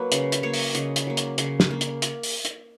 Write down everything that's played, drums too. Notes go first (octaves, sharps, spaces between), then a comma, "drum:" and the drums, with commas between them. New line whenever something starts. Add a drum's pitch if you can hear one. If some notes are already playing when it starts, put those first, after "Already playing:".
Already playing: F#3 A#3 B4
C#3, drum: hi-hat
drum: hi-hat
F#3 A#3 C#5
drum: open hi-hat
C#3 D#5, drum: hi-hat
drum: hi-hat
F#3 A#3
drum: hi-hat
C#3, drum: hi-hat
drum: snare
A#3
drum: hi-hat
drum: hi-hat
drum: open hi-hat
drum: hi-hat